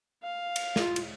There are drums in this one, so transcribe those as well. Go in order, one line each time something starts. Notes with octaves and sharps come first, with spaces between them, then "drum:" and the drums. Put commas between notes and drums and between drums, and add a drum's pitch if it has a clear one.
F5
drum: cymbal
F4, drum: snare
drum: cymbal